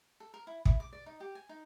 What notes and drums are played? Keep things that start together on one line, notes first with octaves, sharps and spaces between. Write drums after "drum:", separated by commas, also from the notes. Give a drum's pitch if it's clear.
A4
A#4
E4
E4, drum: kick
D6
D5
D#4
G4
G#5
D#4